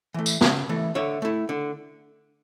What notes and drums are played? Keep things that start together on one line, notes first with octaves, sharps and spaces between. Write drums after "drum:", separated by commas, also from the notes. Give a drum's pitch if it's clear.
E3 A3
drum: tambourine
C#3, drum: snare
E3 A3
D3 C#5 E5
A3 E4
D3